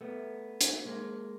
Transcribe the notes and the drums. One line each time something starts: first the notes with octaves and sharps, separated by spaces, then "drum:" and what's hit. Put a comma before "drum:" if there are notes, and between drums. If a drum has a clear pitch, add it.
A3 B3
drum: hi-hat
G#3 A#3